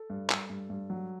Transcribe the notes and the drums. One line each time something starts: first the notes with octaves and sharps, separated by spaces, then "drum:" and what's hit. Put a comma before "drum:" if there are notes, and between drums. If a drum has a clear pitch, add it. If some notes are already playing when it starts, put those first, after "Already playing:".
Already playing: A4
G2
G2, drum: clap
G2
G2
F#3